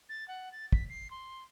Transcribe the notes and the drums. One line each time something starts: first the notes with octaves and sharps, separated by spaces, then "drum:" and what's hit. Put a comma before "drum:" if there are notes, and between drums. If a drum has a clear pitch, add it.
A6
F#5
A6
B6, drum: kick
C7
C6